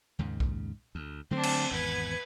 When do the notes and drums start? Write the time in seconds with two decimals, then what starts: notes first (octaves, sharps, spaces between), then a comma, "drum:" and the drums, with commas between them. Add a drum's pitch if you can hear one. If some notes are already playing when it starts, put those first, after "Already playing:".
0.19 D#2 G#2 C#3
0.40 drum: kick B1
0.95 D2
1.31 D3 F#3 A3 C4 D4
1.43 drum: cymbal
1.71 G#1 E2 B4 G#6